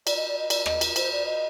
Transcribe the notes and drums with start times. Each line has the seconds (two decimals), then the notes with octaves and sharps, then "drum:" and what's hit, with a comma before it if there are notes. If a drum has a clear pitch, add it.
0.07 D5, drum: cymbal
0.17 D#5
0.28 D5
0.39 D#5
0.50 D5, drum: cymbal
0.66 D#5, drum: rim click
0.81 drum: cymbal
0.96 C5, drum: cymbal
1.12 D5
1.26 D#5